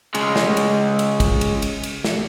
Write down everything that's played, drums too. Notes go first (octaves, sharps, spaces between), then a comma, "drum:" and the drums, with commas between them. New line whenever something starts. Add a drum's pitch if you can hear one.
C#3 G#3, drum: cymbal
drum: snare
drum: cymbal
drum: cymbal
drum: kick, cymbal
drum: cymbal
drum: cymbal
drum: cymbal
drum: snare